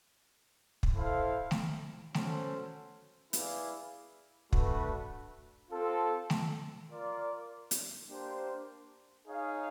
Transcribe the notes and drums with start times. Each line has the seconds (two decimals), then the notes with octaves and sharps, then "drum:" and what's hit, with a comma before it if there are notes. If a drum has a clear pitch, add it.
0.83 drum: kick
0.95 E4 A4 C5 F5
1.51 drum: snare
2.14 C#4 F#4 A4 C5, drum: snare
3.33 E4 G#4 B4 D5 F5, drum: hi-hat
4.53 A3 D4 F#4 B4, drum: kick
5.71 C4 F4 A4
6.30 drum: snare
6.90 F4 A#4 D5
7.71 drum: hi-hat
8.09 A#3 D4 G4 C5
9.28 D#4 G#4 C#5 F5